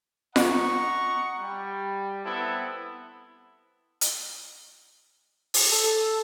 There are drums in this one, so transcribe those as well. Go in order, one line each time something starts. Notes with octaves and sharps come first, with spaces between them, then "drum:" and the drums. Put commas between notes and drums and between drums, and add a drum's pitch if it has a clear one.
D#5 F#5 A#5 C#6, drum: snare F4
G3
B3 C4 E4 A4
drum: hi-hat
drum: open hi-hat
A4